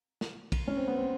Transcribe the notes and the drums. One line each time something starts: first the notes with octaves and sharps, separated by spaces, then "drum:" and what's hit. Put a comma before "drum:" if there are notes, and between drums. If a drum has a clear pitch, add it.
drum: snare
drum: kick, cymbal
C#4
C4
B3
C4